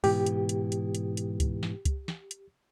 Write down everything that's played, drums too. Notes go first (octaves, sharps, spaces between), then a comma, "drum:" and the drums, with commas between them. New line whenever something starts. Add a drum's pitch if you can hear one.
G#2 B2 E3 G4, drum: open hi-hat
drum: hi-hat
drum: hi-hat
drum: hi-hat
drum: hi-hat
drum: hi-hat
drum: kick C#2, hi-hat
drum: snare
drum: kick C#2, hi-hat
drum: snare
drum: hi-hat